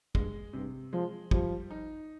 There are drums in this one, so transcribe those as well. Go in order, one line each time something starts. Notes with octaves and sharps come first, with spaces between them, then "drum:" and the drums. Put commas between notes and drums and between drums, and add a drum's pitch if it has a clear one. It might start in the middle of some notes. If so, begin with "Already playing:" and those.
G2 G#3, drum: kick
G2 C3
F3 G#3
F3 G3, drum: kick
D#4